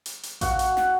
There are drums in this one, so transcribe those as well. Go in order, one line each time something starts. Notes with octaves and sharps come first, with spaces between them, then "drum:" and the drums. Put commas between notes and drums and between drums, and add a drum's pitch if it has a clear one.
drum: hi-hat
drum: hi-hat
F#4 F#5, drum: kick A1, hi-hat
drum: hi-hat
drum: snare